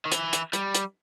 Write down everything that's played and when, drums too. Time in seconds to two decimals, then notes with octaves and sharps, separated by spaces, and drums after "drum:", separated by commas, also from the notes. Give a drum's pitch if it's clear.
0.06 D#3
0.12 E3, drum: hi-hat
0.33 drum: hi-hat
0.53 G3, drum: hi-hat
0.75 drum: hi-hat